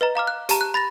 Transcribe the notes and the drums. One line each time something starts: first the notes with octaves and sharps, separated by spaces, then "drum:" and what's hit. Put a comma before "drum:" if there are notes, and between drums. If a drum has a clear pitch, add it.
B4 D#5 A#5
F5 A#5 D6 F6
F#6
G4 A5 A#5, drum: hi-hat
F#6
B5 A6 A#6 F7